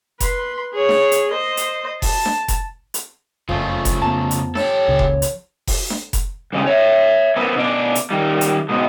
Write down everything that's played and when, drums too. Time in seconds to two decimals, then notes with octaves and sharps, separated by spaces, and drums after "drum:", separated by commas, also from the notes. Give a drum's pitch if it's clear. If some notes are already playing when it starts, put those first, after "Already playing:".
0.20 B4 C6, drum: kick F1, hi-hat
0.74 G#4 C#5
0.89 drum: snare D4
1.12 drum: hi-hat
1.31 C5 D#5
1.57 drum: hi-hat
2.02 A5, drum: kick F1, open hi-hat
2.26 drum: snare D4
2.48 drum: kick F1, hi-hat
2.94 drum: hi-hat
3.49 F#1 F2 C#3 F3 A3
3.85 drum: kick F1, hi-hat
4.02 F2 B3 A5 A#5
4.31 drum: hi-hat
4.55 G4 A4 C#5, drum: snare D4
4.88 C#2 A#2 C#3
4.99 drum: kick F1
5.22 drum: hi-hat
5.67 drum: kick F1, open hi-hat
5.90 drum: snare D4
6.13 drum: kick F1, hi-hat
6.53 G2 C#3 G3 G#3
6.66 C#5 E5
7.36 B3 C4 A#4 B4
7.56 B2 D4 D5
7.95 drum: hi-hat
8.11 D#3 G3
8.41 drum: hi-hat
8.69 G#2 B2 G#3